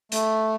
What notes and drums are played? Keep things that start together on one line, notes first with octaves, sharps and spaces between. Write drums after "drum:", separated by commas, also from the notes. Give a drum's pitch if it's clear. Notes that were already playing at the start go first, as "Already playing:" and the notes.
A3, drum: hi-hat